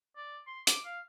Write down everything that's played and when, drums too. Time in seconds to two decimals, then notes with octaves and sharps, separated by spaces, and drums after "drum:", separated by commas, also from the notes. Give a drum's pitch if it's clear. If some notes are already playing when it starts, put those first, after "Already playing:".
0.16 D5
0.47 C6
0.67 D6, drum: hi-hat
0.85 F5